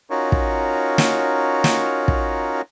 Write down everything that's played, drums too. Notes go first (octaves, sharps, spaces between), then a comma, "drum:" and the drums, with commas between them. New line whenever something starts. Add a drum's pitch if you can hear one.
C#4 D#4 F4 F#4 A#4 C#5
drum: kick
drum: snare
drum: snare
drum: kick